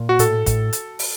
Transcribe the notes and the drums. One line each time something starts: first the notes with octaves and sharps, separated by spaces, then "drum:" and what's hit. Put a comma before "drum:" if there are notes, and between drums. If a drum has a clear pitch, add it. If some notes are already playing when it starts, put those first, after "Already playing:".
Already playing: A#2
F#4
A2 A4, drum: hi-hat
A2, drum: kick, hi-hat
drum: hi-hat
drum: open hi-hat